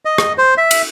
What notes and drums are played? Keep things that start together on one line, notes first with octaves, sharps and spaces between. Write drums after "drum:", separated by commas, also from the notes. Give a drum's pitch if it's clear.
D#5
drum: rim click
C5
E5
drum: cymbal